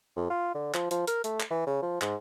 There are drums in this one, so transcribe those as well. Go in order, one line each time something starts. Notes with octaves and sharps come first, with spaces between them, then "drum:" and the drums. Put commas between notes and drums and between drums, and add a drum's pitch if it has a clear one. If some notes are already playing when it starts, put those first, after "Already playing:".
F2
F4
D3
F3, drum: clap
F3, drum: hi-hat
A#4, drum: hi-hat
A3, drum: hi-hat
drum: clap
E3
C#3
F3
G#2, drum: clap